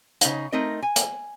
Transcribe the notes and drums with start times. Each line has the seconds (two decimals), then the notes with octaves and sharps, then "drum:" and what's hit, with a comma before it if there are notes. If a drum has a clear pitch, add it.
0.21 C#3 D#4, drum: hi-hat
0.52 A3 C4 D#4 A#4 D#5
0.82 G#5
0.96 drum: hi-hat